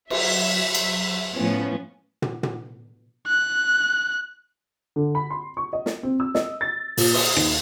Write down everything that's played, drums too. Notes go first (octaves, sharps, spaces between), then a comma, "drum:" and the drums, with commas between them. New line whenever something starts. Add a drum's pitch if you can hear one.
F#3 E5, drum: cymbal
drum: cymbal
A2 F3 B3 C#4
drum: tom
drum: tom
F#6
D3
B5
C6
C#6
D#5
drum: snare
C4
E6
D#5, drum: snare
A6
A#2, drum: open hi-hat
D#6, drum: cymbal
D#2, drum: rim click